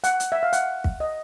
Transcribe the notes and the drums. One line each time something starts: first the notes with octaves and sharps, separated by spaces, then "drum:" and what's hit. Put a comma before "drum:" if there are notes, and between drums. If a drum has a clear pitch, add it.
F#5, drum: hi-hat
drum: hi-hat
E5
F5
F#5, drum: hi-hat
drum: kick
D#5